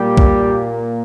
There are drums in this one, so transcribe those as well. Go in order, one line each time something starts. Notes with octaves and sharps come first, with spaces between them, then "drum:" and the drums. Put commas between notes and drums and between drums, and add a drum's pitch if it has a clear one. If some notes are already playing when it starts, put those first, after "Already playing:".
Already playing: A#2 G3 A#3 G4
drum: kick